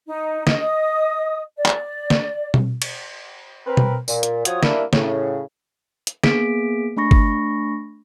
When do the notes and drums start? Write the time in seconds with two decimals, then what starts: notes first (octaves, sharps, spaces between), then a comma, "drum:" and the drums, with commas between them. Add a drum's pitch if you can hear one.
0.06 D#4
0.47 D#5 D#6, drum: snare
1.57 D5
1.66 drum: clap
2.10 drum: snare
2.54 drum: tom B2
2.82 drum: cymbal
3.67 C4 A#4 B4
3.77 drum: tom B2
4.08 A#2, drum: tambourine
4.23 drum: hi-hat
4.45 F3 F4 F#4 C#5 D#6, drum: hi-hat
4.63 G3 A#3 D4 E4, drum: snare
4.93 A2 C#3, drum: snare
6.07 drum: hi-hat
6.24 A#3 B3 G#4 B6 D7, drum: snare
6.97 A3 D4 B5 C#6 A#6
7.11 drum: kick